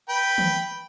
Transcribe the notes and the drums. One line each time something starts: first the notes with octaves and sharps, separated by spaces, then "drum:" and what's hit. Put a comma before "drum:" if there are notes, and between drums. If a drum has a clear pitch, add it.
B4 G5
drum: tom D#3